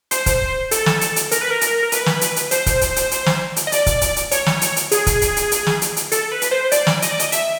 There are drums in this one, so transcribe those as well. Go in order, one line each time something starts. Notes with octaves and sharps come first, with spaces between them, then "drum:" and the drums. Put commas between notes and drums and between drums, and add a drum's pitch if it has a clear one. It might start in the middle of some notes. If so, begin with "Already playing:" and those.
C5, drum: hi-hat
drum: kick, hi-hat
A4, drum: hi-hat
drum: snare
drum: hi-hat
drum: hi-hat
A#4, drum: hi-hat
B4
A#4
drum: hi-hat
A#4
B4, drum: hi-hat
drum: snare
drum: hi-hat
drum: hi-hat
C5, drum: hi-hat
drum: kick, hi-hat
drum: hi-hat
drum: hi-hat
drum: hi-hat
drum: snare
drum: hi-hat
D#5
D5, drum: hi-hat
drum: kick, hi-hat
drum: hi-hat
drum: hi-hat
C#5, drum: hi-hat
drum: snare
drum: hi-hat
drum: hi-hat
G#4, drum: hi-hat
drum: kick, hi-hat
drum: hi-hat
drum: hi-hat
drum: hi-hat
drum: snare
drum: hi-hat
drum: hi-hat
A4, drum: hi-hat
B4
drum: hi-hat
C5
D5, drum: hi-hat
drum: snare
D#5, drum: hi-hat
D5
D#5, drum: hi-hat
E5, drum: hi-hat